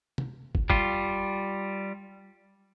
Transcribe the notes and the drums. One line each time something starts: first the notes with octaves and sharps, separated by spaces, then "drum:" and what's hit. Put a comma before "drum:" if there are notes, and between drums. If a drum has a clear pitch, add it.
drum: tom
drum: kick
G3 F4, drum: kick